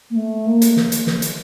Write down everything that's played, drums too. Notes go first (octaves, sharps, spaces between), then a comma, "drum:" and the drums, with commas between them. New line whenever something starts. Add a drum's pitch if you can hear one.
A#3
A3
A#3
drum: hi-hat
drum: snare
drum: hi-hat
drum: snare
drum: hi-hat